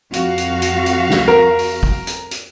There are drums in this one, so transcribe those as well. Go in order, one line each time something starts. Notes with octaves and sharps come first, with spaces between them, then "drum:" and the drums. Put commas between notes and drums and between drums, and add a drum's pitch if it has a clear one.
F2 F#4 F5, drum: hi-hat
drum: hi-hat
drum: hi-hat
drum: hi-hat
drum: snare
A#4
drum: open hi-hat
drum: kick
drum: hi-hat
drum: hi-hat